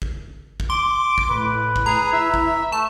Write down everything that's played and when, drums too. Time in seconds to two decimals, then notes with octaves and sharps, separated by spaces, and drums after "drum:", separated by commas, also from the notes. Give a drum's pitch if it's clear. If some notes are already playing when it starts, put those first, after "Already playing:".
0.02 drum: kick
0.60 drum: kick
0.70 C6 D6
1.18 drum: kick
1.30 A2 B4
1.76 drum: kick
1.86 G#4 A#5
2.12 E4 E5
2.34 drum: kick
2.72 A3 A5